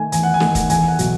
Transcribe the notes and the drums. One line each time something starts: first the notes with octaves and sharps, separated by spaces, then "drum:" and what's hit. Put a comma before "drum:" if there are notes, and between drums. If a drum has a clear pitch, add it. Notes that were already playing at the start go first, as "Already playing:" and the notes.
Already playing: D#3 A3 G#5
E2 G#5, drum: hi-hat
F#5
G#5
D#3 A3, drum: snare
drum: kick, hi-hat
E2 G#5, drum: hi-hat
F#5
B2 F#3, drum: hi-hat